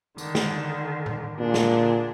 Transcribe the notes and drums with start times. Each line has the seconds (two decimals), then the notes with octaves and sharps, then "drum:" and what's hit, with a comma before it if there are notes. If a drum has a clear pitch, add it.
0.18 D3 D#3, drum: tambourine
0.35 drum: snare
1.06 drum: tom A2
1.39 A#2 D3 D4 G#4
1.54 drum: snare